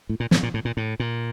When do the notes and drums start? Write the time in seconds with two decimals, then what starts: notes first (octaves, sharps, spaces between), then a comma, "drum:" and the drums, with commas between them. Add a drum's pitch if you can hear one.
0.09 A2
0.20 A#2
0.31 A2, drum: snare
0.43 A#2
0.54 A2
0.65 A#2
0.77 A2
1.00 A#2